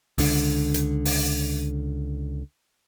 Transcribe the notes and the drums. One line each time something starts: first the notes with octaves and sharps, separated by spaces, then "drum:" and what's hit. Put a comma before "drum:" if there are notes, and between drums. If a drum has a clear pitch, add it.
C#2 D3, drum: open hi-hat
drum: hi-hat
drum: open hi-hat